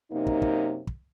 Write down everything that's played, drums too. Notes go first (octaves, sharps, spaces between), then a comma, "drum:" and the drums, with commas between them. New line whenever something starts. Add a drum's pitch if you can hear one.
F#2 C3 A#3 D#4
drum: kick
drum: kick
drum: kick